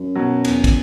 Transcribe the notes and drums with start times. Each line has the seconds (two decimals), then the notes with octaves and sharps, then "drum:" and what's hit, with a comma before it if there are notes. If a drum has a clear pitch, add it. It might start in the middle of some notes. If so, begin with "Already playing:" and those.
Already playing: F#2
0.15 B2 F#3
0.45 E2, drum: cymbal
0.64 drum: kick, cymbal